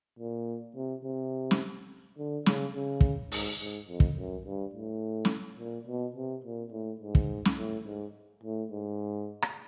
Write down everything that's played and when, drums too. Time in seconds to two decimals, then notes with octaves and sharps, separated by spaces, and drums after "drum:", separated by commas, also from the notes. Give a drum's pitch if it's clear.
0.19 A#2
0.76 C3
1.04 C3
1.51 drum: snare
2.18 D3
2.46 C#3, drum: snare
2.75 C#3
3.01 drum: kick
3.32 G#2, drum: open hi-hat
3.60 G#2
3.88 F2
4.00 drum: kick
4.17 F#2
4.45 G2
4.73 A2
5.25 drum: snare
5.59 A#2
5.87 B2
6.16 C3
6.44 A#2
6.72 A2
7.01 G#2
7.15 drum: kick
7.45 drum: snare
7.57 A2
7.86 G#2
8.43 A2
8.72 G#2
9.42 drum: rim click